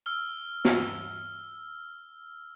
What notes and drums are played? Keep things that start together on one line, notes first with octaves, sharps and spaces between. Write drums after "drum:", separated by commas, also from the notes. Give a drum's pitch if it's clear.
E6 F6 G7
drum: snare